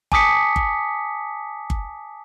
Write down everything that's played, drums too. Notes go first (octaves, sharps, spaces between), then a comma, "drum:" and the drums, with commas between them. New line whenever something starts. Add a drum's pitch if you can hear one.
G#5 A5 D6 D#6 B6 C#7, drum: kick G1
drum: kick G1
drum: kick G1